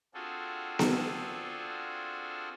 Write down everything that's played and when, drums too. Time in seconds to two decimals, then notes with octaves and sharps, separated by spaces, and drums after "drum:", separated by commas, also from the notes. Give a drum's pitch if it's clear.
0.14 C4 D4 F4 F#4 G#4 A4
0.79 drum: snare B3